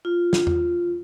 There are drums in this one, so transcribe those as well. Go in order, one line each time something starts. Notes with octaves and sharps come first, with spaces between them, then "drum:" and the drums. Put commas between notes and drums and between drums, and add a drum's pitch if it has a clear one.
F4
drum: snare
drum: tom E2